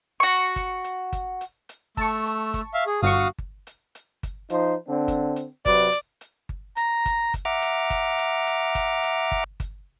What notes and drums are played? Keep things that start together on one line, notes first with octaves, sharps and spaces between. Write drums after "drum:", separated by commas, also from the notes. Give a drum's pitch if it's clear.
F#4 C#6
drum: kick G1, hi-hat
drum: hi-hat
drum: kick G1, hi-hat
drum: hi-hat
drum: hi-hat
A3 A5 C#6 E6, drum: kick G1, hi-hat
drum: hi-hat
drum: kick G1, hi-hat
E5 F5
G#4
G1 F#4 F5 C#6 D#6
drum: kick G1
drum: hi-hat
drum: hi-hat
drum: kick G1, hi-hat
F3 D#4 C5, drum: hi-hat
D3 C4 D4
drum: kick G1, hi-hat
drum: hi-hat
C3 F#3 B4 D5, drum: kick G1, hi-hat
drum: hi-hat
drum: hi-hat
drum: kick G1
A#5, drum: hi-hat
drum: kick G1, hi-hat
drum: kick G1, hi-hat
E5 F#5 A#5 D6 F6
drum: hi-hat
drum: kick G1, hi-hat
drum: hi-hat
drum: hi-hat
drum: kick G1, hi-hat
drum: hi-hat
drum: kick G1
drum: kick G1, hi-hat